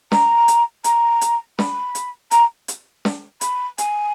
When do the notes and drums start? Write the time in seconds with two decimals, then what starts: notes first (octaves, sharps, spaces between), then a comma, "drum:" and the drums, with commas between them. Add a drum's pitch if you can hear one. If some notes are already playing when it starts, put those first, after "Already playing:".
0.12 A#5, drum: snare
0.48 drum: hi-hat
0.84 A#5, drum: hi-hat
1.21 drum: hi-hat
1.59 B5, drum: snare
1.95 drum: hi-hat
2.31 A#5, drum: hi-hat
2.68 drum: hi-hat
3.05 drum: snare
3.41 B5, drum: hi-hat
3.78 G#5, drum: hi-hat